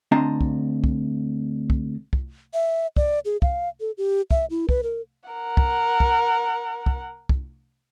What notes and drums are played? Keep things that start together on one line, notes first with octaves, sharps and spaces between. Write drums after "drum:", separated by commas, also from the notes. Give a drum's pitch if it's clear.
D2 C4 D4 D#5 A5 A#5
drum: kick
drum: kick
drum: kick
drum: kick
E5
D5, drum: kick
G#4
F5, drum: kick
A4
G4
E5, drum: kick
E4
B4, drum: kick
A#4
A#4 F#5
drum: kick
drum: kick
drum: kick
drum: kick